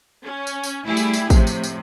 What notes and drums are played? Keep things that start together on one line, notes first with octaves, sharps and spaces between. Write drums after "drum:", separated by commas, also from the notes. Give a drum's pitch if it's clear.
C#4
drum: tambourine
drum: tambourine
G3 A3 E4 G4 G#4
drum: tambourine
drum: tambourine
F2 A2 C3, drum: kick, tambourine
drum: tambourine
drum: tambourine